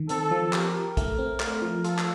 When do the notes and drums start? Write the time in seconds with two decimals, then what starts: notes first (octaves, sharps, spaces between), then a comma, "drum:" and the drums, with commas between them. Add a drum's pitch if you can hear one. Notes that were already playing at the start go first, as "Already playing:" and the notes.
Already playing: D#3
0.09 C4 A4, drum: hi-hat
0.31 F3
0.53 G4 A#4, drum: clap
0.74 G4
0.97 A3, drum: kick, hi-hat
1.19 C4
1.40 A3, drum: clap
1.62 F3
1.84 F4 A4, drum: hi-hat
1.98 drum: clap